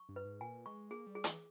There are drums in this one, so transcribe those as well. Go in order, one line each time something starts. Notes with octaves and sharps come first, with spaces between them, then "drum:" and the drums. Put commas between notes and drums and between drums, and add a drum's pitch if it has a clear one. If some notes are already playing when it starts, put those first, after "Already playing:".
Already playing: C#6
G2
B4
G#2
A#2 G#5
G#3 C#6
A#3 G#4
G3
G#4
E3, drum: hi-hat